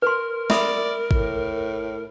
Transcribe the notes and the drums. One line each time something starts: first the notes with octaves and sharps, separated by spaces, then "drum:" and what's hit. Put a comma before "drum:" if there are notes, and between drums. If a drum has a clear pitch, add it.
A#4 B4 C6
D5 E5 B5 D#6, drum: snare
A2, drum: kick G#1